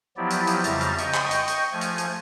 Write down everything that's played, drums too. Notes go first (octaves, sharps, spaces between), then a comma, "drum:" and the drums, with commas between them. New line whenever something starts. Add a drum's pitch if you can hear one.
F3 F#3 B3 E4 G4 D5
drum: hi-hat
drum: hi-hat
F2 C#3 G3 E5 A#5 A6, drum: hi-hat
drum: hi-hat
D#5 G5 C#6, drum: hi-hat
drum: clap
drum: hi-hat
drum: hi-hat
F3 A3 G#5
drum: hi-hat
drum: hi-hat